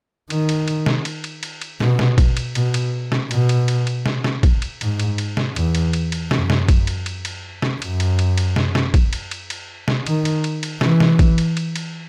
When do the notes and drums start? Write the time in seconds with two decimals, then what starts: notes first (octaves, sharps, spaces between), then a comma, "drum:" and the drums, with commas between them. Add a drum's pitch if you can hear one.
0.30 D#3, drum: cymbal
0.49 drum: cymbal
0.68 drum: cymbal
0.86 drum: snare
1.05 drum: cymbal
1.24 drum: cymbal
1.43 drum: cymbal
1.61 drum: cymbal
1.80 B2, drum: snare
1.99 drum: snare
2.18 drum: kick A1, cymbal
2.37 drum: cymbal
2.55 B2, drum: cymbal
2.74 drum: cymbal
3.12 drum: snare
3.31 B2, drum: cymbal
3.49 drum: cymbal
3.68 drum: cymbal
3.87 drum: cymbal
4.06 drum: snare
4.24 drum: snare
4.43 drum: kick A1, cymbal
4.62 drum: cymbal
4.81 G#2, drum: cymbal
5.00 drum: cymbal
5.18 drum: cymbal
5.37 drum: snare
5.56 E2, drum: cymbal
5.75 drum: cymbal
5.93 drum: cymbal
6.12 drum: cymbal
6.31 F#2, drum: snare
6.50 drum: snare
6.69 drum: kick A1, cymbal
6.87 drum: cymbal
7.06 drum: cymbal
7.25 drum: cymbal
7.62 drum: snare
7.82 F#2, drum: cymbal
8.00 drum: cymbal
8.19 drum: cymbal
8.38 drum: cymbal
8.56 drum: snare
8.75 drum: snare
8.94 drum: kick A1, cymbal
9.13 drum: cymbal
9.31 drum: cymbal
9.50 drum: cymbal
9.88 drum: snare
10.06 D#3, drum: cymbal
10.25 drum: cymbal
10.44 drum: cymbal
10.63 drum: cymbal
10.81 E3, drum: snare
11.00 drum: snare
11.19 drum: kick A1, cymbal
11.38 drum: cymbal
11.57 drum: cymbal
11.76 drum: cymbal